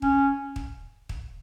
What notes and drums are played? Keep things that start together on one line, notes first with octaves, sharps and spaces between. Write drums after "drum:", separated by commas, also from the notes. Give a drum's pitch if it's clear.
C#4, drum: kick
drum: kick
drum: kick